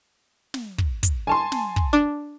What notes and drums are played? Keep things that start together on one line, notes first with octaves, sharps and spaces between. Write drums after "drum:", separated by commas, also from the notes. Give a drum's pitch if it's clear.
drum: snare
drum: kick
drum: kick, hi-hat
G#5 A5 C6
drum: snare
drum: kick
D4